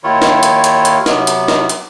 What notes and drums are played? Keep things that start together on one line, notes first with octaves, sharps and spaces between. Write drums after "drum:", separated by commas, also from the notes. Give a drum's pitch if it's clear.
D#2 D#3 E4 F4 C#5
drum: snare
drum: hi-hat
drum: hi-hat
drum: hi-hat
C3 F#3 B3, drum: snare
drum: hi-hat
drum: snare
drum: hi-hat